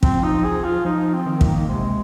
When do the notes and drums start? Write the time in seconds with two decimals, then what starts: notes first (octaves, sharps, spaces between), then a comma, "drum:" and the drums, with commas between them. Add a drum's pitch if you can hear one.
0.03 F3 C4, drum: kick
0.23 D#4
0.44 G#4
0.64 F4
0.85 F3 D#4
1.13 C4
1.26 D#3
1.41 A#3, drum: kick
1.69 C3 G#3